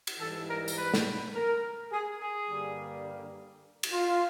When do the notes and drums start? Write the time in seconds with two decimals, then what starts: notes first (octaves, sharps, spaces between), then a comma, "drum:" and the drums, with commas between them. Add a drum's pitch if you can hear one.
0.07 drum: cymbal
0.19 G#2 E3 G3 A4
0.48 A#4
0.68 drum: tambourine
0.77 B4
0.94 drum: snare
1.34 A#4
1.92 G#4
2.21 G#4
2.49 G2 D3 G3 A#3
3.83 drum: cymbal
3.92 F4